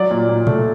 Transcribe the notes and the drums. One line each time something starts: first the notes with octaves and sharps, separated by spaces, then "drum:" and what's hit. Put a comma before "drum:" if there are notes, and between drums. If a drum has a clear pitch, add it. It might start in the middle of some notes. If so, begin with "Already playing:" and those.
Already playing: F#3 D5
A#2
A#2
A3, drum: tom A#2